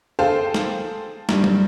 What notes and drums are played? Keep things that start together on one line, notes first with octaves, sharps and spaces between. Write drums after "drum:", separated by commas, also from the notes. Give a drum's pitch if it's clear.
G#4 A4 C5 F5 G5
drum: snare
G2 G3, drum: snare
drum: tom